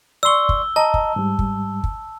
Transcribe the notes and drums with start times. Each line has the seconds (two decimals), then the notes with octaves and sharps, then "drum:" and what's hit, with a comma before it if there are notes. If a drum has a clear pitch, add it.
0.23 D5 C6 C#6 E6 G7
0.49 drum: kick
0.76 D#5 A5 A#5
0.94 drum: kick
1.16 G#2 G3
1.39 drum: kick
1.84 drum: kick